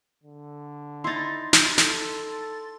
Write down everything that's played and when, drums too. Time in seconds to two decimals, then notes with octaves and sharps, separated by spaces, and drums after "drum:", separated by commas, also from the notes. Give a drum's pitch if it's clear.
0.24 D3
1.04 D#4 E4 C6 A6
1.53 drum: snare
1.78 A4, drum: snare